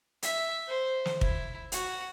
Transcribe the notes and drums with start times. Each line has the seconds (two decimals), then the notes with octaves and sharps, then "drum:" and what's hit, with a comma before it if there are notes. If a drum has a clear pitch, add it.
0.22 E5, drum: hi-hat
0.67 C5
1.05 drum: snare
1.21 E4, drum: kick
1.72 F#4, drum: hi-hat